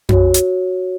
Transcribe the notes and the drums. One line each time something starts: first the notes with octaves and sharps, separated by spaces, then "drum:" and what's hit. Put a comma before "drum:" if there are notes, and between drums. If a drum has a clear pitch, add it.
F#4 C#5, drum: tom F2
drum: hi-hat